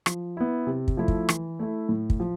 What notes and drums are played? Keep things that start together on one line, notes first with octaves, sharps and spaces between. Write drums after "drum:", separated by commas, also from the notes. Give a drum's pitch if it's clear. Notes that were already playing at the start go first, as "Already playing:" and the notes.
F3, drum: rim click
B3 E4
C3
drum: kick
F3 A3 E4
drum: kick
E3, drum: rim click
A3 E4
A2
drum: kick
F3